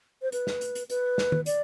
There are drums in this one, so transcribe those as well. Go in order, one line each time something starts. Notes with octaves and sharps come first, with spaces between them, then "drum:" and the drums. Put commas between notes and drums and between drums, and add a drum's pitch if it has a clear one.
C5
B4, drum: hi-hat
drum: snare
drum: hi-hat
drum: hi-hat
B4, drum: hi-hat
drum: snare
drum: tom D#3
D5, drum: hi-hat